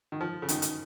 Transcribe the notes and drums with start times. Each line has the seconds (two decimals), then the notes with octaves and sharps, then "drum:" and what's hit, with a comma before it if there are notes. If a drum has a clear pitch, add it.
0.12 D#3
0.21 F3
0.42 C#3
0.48 D#3, drum: hi-hat
0.62 drum: hi-hat